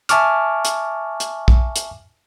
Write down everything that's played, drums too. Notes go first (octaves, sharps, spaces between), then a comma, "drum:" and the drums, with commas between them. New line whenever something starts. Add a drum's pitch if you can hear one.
E5 G#5 A5 C#6 D6 F6, drum: hi-hat
drum: hi-hat
drum: hi-hat
drum: kick
drum: hi-hat